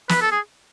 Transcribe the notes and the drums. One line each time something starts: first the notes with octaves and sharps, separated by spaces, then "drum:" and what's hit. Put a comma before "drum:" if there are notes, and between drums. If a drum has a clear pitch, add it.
B4, drum: snare
A4
G#4